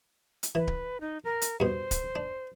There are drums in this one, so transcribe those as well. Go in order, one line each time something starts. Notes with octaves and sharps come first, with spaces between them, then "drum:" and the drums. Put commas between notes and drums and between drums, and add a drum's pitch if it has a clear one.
drum: hi-hat
E3 B4
drum: kick D1
D#4
A#4
drum: hi-hat
G2 B2 C5
drum: kick D1, hi-hat
D4